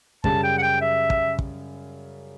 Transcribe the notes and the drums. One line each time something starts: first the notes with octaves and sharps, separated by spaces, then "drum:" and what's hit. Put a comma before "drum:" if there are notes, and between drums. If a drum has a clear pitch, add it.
F#2 C#3 G3 A5, drum: kick
G5
F#5
G5
E5
drum: kick
drum: kick